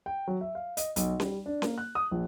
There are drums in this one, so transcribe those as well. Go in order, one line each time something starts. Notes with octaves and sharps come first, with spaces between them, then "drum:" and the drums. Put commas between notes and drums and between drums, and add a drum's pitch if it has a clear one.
G5
F#3
E5
F5
D#5, drum: hi-hat
B1, drum: hi-hat
G3, drum: snare C#4
D4
A#3, drum: snare C#4
F#6
D#6
A#1